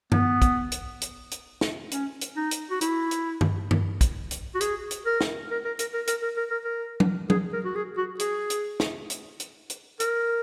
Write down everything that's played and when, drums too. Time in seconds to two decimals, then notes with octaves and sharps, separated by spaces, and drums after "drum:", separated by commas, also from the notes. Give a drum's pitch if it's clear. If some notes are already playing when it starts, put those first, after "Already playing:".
0.12 B3, drum: tom G2
0.42 drum: kick, hi-hat
0.72 drum: hi-hat
1.01 drum: hi-hat
1.31 drum: hi-hat
1.61 drum: snare
1.91 C#4, drum: hi-hat
2.21 drum: hi-hat
2.37 D#4
2.51 drum: hi-hat
2.71 F#4
2.81 E4, drum: hi-hat
3.11 drum: hi-hat
3.41 drum: tom G2
3.71 drum: tom G2
4.01 drum: kick, hi-hat
4.31 drum: hi-hat
4.55 F#4
4.61 G#4, drum: hi-hat
4.91 drum: hi-hat
5.06 A#4
5.21 drum: snare
5.51 A#4
5.65 A#4
5.79 A#4, drum: hi-hat
5.93 A#4
6.07 A#4, drum: hi-hat
6.22 A#4
6.36 A#4
6.50 A#4
6.65 A#4
7.00 drum: tom F#3
7.30 G#4, drum: tom F#3
7.53 A#4
7.65 F#4
7.75 G#4
7.98 F#4
8.19 G#4, drum: hi-hat
8.50 drum: hi-hat
8.80 drum: snare
9.10 drum: hi-hat
9.40 drum: hi-hat
9.70 drum: hi-hat
10.00 A#4, drum: hi-hat